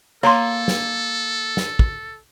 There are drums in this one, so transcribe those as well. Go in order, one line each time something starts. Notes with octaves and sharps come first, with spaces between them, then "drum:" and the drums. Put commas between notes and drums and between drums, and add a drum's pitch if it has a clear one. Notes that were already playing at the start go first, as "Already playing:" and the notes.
A#3 A4 C#5 A#5 C6
drum: snare
drum: snare
drum: kick